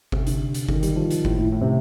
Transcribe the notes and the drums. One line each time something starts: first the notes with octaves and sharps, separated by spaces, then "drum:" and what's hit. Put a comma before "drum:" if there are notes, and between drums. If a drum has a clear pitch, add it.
C3, drum: kick G1
D3, drum: hi-hat
drum: hi-hat
D#3, drum: kick G1
G3, drum: hi-hat
F3
drum: hi-hat
A2, drum: kick G1
A2
A2
C3